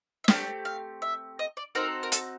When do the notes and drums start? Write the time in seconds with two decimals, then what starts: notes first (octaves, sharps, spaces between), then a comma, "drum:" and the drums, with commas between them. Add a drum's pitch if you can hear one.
0.24 E5
0.28 A3 C4 G4 F5, drum: snare
0.65 F5
1.02 E5
1.39 D#5
1.57 D5
1.75 C4 D#4 F#4 A4 A#4
2.03 A#4
2.12 A4, drum: hi-hat